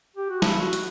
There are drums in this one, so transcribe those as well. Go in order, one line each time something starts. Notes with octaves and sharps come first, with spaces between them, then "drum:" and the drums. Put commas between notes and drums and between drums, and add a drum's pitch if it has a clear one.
G4
F#4
E4, drum: snare
F#4
drum: hi-hat